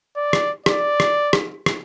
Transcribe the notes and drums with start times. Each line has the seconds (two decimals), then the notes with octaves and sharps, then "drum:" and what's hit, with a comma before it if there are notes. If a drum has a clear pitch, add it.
0.16 D5
0.33 drum: rim click
0.66 D5, drum: rim click
1.00 drum: rim click
1.33 drum: rim click
1.66 drum: rim click